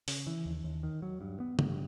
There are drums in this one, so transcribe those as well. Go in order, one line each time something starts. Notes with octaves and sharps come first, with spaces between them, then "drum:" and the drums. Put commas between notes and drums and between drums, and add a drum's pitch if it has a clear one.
C#3, drum: open hi-hat
E3
D#2
D#2
D#3
F#3
G2
B3
G2, drum: tom